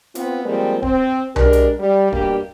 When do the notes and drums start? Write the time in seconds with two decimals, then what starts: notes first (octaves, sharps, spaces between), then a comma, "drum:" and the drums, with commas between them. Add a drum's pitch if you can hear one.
0.15 B3 C4 F4, drum: hi-hat
0.45 F3 G3 G#3 A#3 C4
0.83 C4, drum: kick D1
1.36 G#3 D4 G4 A#4, drum: tom C2
1.53 drum: hi-hat
1.79 G3
2.12 B2 G3 A#3 D4 G4, drum: kick D1